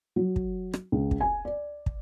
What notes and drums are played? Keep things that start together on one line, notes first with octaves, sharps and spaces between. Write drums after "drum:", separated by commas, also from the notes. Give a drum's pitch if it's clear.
F#3
drum: kick
drum: rim click
C#2
drum: kick
G#5
D5
drum: kick